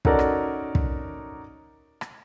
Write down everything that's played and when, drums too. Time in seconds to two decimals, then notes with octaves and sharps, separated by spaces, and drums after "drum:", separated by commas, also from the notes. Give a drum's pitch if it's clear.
0.05 C#4 D#4 F#4 A4 A#4 D5, drum: kick
0.19 drum: rim click
0.75 drum: kick
2.01 drum: rim click